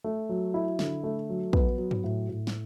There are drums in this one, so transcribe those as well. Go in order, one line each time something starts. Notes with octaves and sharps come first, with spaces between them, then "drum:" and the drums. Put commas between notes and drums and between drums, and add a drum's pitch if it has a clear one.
A3
F#3
E4
D3, drum: snare
A3
F#3
B3, drum: kick
F#3
drum: tom G2
A2
A2
drum: snare